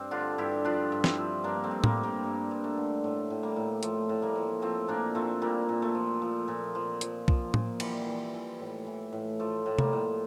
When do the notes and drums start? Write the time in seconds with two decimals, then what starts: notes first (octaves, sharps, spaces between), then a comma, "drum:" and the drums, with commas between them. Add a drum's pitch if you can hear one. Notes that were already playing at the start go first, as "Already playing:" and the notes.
Already playing: G2 C4
0.11 D3 D4 F4
0.38 G2 E4 G4
0.65 F3 D4 F4
0.92 G2
1.04 C4 E4, drum: snare
1.18 F3
1.44 G2 A#3 D4
1.64 A3 C4
1.71 G2
1.84 G3 A#3, drum: tom A2
1.97 G2
2.03 G3 A#3
2.24 G2
2.51 G2
2.64 A3
2.77 D3
3.04 A2 A3
3.30 A2
3.43 G3 A#3
3.56 A2
3.83 F3 A3, drum: hi-hat
4.09 A2
4.22 G3 A#3
4.35 F3
4.62 F3 A3 C4
4.88 A#2 A#3 D4
5.15 A#2 A3 C4
5.42 A#2 G3 A#3
5.69 A#2
5.82 A3
5.95 F3
6.22 F3
6.48 A#2
6.75 F3
7.01 F3, drum: hi-hat
7.28 F3, drum: kick B1
7.54 A#2, drum: tom A2
7.80 E3 G3, drum: cymbal
8.06 E3
8.34 E3
8.60 A2
8.87 E3
9.13 A2
9.40 F3 A3
9.66 A2
9.79 G3 A#3, drum: tom C3
9.93 A2